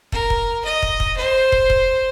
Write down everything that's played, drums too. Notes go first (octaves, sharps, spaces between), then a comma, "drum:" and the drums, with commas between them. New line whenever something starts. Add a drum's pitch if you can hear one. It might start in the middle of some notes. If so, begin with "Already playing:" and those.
A#4, drum: kick
drum: kick
D#5
drum: kick
drum: kick
C5
drum: kick
drum: kick